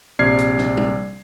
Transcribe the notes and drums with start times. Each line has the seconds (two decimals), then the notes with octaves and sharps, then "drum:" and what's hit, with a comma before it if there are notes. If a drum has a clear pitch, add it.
0.19 A#1 C3 D5 F6 G#6 C7
0.38 drum: hi-hat
0.58 drum: snare
0.77 drum: tom G3